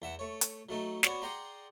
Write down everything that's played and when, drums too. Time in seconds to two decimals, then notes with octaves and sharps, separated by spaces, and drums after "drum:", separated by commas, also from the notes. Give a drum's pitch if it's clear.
0.02 E2 E5 F#5
0.19 A3 C#5
0.41 drum: hi-hat
0.69 F#3 A3 D#4
1.03 B3 F#4 C#5 D5, drum: snare
1.22 G#4 D5 F#5 G5 A#5 C6